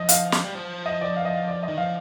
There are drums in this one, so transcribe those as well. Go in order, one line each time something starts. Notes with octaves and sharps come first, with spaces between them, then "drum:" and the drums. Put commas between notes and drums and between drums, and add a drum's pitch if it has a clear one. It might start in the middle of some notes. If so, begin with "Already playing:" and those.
Already playing: F3 D#5
F5, drum: hi-hat
drum: snare
G3
F3
D#5
D5
F5
D#5
F5
D5
D#5
D#3
F3 F5